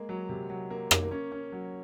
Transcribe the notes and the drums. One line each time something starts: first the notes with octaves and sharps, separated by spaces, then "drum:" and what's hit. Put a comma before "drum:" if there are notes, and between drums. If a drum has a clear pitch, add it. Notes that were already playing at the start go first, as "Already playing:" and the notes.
Already playing: G#3 A#3
F#3
C3
F#3
A#3
A#3, drum: rim click
C#4
C#4
F#3